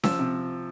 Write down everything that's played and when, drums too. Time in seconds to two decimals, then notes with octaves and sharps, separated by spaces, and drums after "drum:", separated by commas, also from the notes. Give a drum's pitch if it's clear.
0.04 F3 E6, drum: snare C#4
0.19 C3